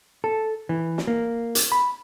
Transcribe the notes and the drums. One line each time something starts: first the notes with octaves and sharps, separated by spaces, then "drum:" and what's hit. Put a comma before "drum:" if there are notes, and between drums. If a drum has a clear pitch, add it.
A4
E3
drum: snare
A#3
drum: hi-hat
B5